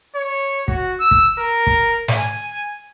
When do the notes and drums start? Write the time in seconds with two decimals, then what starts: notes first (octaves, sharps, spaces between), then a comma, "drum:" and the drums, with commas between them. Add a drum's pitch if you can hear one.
0.15 C#5
0.68 F#4, drum: kick
1.00 E6
1.11 drum: kick
1.39 A#4
1.67 drum: kick
2.08 drum: snare
2.19 G#5